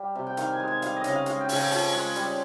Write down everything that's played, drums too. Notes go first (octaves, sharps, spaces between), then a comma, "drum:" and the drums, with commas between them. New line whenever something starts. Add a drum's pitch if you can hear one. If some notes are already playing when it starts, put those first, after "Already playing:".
Already playing: G3 F5
C3
G5
D#3 F5, drum: hi-hat
G#5
G#3
G#5
G3 F5, drum: hi-hat
D#5
C#3, drum: hi-hat
F5
G#3 F5, drum: hi-hat
G5
C#3, drum: open hi-hat
G#5
F3 G#5, drum: open hi-hat
G#3
G3, drum: hi-hat